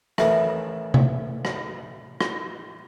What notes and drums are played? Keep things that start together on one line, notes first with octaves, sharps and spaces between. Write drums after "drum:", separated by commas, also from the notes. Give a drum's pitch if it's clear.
A1 A2 D#3 E3 A3, drum: rim click
drum: tom C3
drum: rim click
drum: rim click